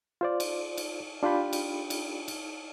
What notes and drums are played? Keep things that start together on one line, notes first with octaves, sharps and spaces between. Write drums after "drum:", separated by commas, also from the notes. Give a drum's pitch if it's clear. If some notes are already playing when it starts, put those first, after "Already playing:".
F4 C5 D5
drum: cymbal
drum: cymbal
D4 F4 G4 F5 G5 B5
drum: cymbal
drum: cymbal
drum: cymbal